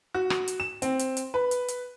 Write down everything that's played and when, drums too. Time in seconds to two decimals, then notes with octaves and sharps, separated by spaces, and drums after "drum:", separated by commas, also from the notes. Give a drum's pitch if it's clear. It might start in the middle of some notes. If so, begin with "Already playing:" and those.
0.14 F#4
0.30 drum: rim click
0.48 drum: hi-hat
0.60 E7
0.82 C4, drum: hi-hat
0.99 drum: hi-hat
1.17 drum: hi-hat
1.34 B4
1.51 drum: hi-hat
1.68 drum: hi-hat